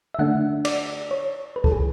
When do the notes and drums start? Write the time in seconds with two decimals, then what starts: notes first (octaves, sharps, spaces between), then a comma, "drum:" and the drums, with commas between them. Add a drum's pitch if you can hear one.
0.14 E5
0.19 D3 A3 D4 F#5
0.65 D5, drum: cymbal
1.11 C#5
1.56 B4
1.64 A4, drum: kick
1.72 G#4